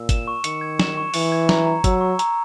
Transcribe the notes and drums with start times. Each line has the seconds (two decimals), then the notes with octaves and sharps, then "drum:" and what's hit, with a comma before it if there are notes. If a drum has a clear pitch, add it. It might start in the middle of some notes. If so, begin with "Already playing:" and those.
Already playing: A#2 E6
0.09 E7, drum: kick, hi-hat
0.28 C#6
0.44 D#3 C#7, drum: hi-hat
0.61 G#6
0.80 E7, drum: snare
0.97 C#6
1.14 E3 C#7, drum: open hi-hat
1.32 G#6
1.49 A#5, drum: snare
1.66 A#5
1.84 F#3 E6, drum: kick, hi-hat
2.01 C#6
2.19 A#5, drum: hi-hat